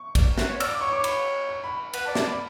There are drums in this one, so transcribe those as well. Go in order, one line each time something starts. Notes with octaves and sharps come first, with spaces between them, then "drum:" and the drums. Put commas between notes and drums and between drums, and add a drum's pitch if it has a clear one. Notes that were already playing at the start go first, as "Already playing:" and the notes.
Already playing: C#6
D5, drum: kick, cymbal
B4, drum: snare
C#5
D5 E6, drum: cymbal
D6
C#5 C#6
D6
B5, drum: cymbal
C#6
B5
B4 F#5, drum: cymbal
A5
D5
A5, drum: snare
D5 B5